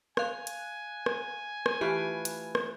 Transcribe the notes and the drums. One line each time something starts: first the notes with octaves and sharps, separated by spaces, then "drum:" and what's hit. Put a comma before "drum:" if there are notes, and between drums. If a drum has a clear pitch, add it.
F5 G#5 F#6, drum: rim click
drum: hi-hat
drum: rim click
drum: rim click
E3 A3 F4 G4 B5 F#6
drum: hi-hat
drum: rim click